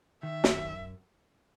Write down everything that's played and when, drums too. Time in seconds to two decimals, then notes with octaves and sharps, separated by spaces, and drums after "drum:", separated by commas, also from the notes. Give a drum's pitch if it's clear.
0.23 D#3 E5
0.44 F#2, drum: snare